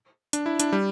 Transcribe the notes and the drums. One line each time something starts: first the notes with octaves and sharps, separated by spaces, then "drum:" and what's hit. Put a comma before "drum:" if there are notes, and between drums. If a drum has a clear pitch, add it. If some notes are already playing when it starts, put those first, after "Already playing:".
D4, drum: hi-hat
E4
D4, drum: hi-hat
G3